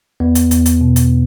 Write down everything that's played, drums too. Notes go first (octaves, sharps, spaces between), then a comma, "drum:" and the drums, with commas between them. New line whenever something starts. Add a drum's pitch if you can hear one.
E2 B3
drum: hi-hat
E2, drum: hi-hat
drum: hi-hat
B2
drum: hi-hat